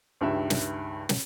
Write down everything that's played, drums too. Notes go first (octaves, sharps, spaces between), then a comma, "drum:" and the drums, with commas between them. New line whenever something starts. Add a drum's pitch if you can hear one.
C#2 G2 D#3 G4 E5
drum: snare
drum: snare